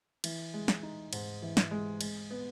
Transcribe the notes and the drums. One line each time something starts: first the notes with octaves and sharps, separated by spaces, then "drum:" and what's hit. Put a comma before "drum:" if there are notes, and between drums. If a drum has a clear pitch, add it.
E3, drum: cymbal
G#3
drum: snare
D#4
G#2, drum: cymbal
E3
drum: snare
G#3
G#3, drum: cymbal
B3